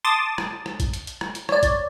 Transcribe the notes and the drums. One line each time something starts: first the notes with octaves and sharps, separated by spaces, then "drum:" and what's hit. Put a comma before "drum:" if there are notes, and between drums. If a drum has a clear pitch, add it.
A5 C6 D6 D#6 A6
drum: rim click
drum: rim click
drum: kick, hi-hat
drum: hi-hat
drum: hi-hat
drum: rim click
drum: hi-hat
C#5 D5, drum: rim click
drum: kick, hi-hat